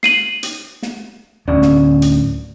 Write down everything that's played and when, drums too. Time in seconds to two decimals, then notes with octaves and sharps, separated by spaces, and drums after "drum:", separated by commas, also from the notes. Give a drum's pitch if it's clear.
0.03 C7 D#7 F#7, drum: snare
0.43 drum: hi-hat
0.83 drum: snare
1.48 D1 D2 C#4 D5
1.62 drum: snare
2.02 drum: hi-hat